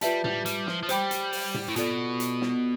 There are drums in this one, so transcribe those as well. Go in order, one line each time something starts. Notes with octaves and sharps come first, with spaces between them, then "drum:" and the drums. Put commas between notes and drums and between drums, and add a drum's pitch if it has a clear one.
G3 F4 B4 E5 A5, drum: hi-hat
G3, drum: tom A2
G3, drum: hi-hat
F3, drum: snare
F3
G3 C5 G5 B5 D6, drum: hi-hat
drum: hi-hat
drum: open hi-hat
drum: tom A2
A2
B2 F4 A4 D5, drum: hi-hat
drum: hi-hat
drum: snare